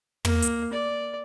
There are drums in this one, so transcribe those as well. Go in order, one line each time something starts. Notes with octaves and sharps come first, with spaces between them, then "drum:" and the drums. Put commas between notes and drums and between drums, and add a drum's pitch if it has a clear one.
A#3, drum: tom
drum: hi-hat
D5